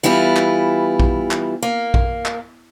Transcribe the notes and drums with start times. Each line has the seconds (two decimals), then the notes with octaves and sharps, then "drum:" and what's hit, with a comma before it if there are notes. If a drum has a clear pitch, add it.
0.03 E3 G3 B3 E4 F4
0.37 drum: clap
1.00 drum: kick A#1
1.31 drum: clap
1.63 A#3
1.94 drum: kick A#1
2.26 drum: clap